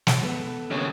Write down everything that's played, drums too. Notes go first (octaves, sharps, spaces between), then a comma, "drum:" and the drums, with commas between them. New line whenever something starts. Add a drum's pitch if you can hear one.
drum: snare
B3 A4 B4
D#2 C#3